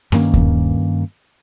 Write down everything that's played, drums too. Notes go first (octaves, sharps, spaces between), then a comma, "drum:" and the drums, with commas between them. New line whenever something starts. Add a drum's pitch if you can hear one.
G2 D#3 A#3 C#4, drum: snare A#3
drum: kick D#2